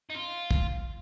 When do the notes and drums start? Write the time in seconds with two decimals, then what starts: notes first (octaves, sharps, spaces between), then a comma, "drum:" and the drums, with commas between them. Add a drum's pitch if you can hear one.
0.10 D#4
0.14 F4
0.51 drum: kick